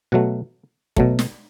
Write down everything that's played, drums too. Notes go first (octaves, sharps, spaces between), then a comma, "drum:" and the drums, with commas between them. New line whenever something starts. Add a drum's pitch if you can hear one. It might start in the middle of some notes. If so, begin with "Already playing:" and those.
B2 F#3 A3 F#5
B2 F#3 A3, drum: kick
drum: snare